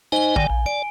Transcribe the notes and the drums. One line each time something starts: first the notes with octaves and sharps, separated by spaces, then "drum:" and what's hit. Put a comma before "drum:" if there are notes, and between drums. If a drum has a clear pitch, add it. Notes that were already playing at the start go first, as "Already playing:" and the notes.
D#4 C5 D#5 G#5 G7
D#3 D5 G5, drum: kick
A#1
D5 D7